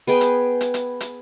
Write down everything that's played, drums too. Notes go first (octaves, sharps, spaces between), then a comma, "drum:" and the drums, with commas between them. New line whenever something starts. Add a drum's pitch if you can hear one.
B3 G#4 G5 B5
drum: hi-hat
drum: hi-hat
drum: hi-hat
drum: hi-hat